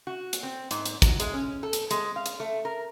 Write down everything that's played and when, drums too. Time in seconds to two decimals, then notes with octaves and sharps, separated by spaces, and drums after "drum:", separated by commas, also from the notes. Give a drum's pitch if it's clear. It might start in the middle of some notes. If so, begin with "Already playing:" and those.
0.07 F#4
0.33 drum: hi-hat
0.43 C4
0.71 G#2, drum: hi-hat
0.86 drum: hi-hat
1.02 F#3, drum: kick, hi-hat
1.20 G#3, drum: hi-hat
1.34 C#4
1.63 A4
1.73 drum: hi-hat
1.91 G#3, drum: hi-hat
2.16 F5
2.26 drum: hi-hat
2.40 A3
2.65 A#4